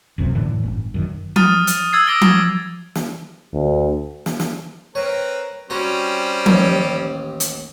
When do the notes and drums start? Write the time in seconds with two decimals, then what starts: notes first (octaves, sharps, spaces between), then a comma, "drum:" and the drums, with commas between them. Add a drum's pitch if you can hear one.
0.18 F#1 C#2 F#2 C3
0.35 F#2 A2 D3 E3
0.64 G1
0.94 F#2 D3 D#3
1.36 D#6 F6 A6 D#7, drum: tom F3
1.67 drum: hi-hat
1.93 E6 G#6 A6 C7
2.07 D6 D#6 A#6 D7 G7
2.21 drum: tom F3
2.95 drum: snare
3.53 D2
4.26 drum: snare
4.40 drum: snare
4.95 C4 A#4 B4 C#5
5.70 G3 C4 C#4 F#4 C5 A#5
6.46 A1 D#2, drum: tom F3
7.40 drum: hi-hat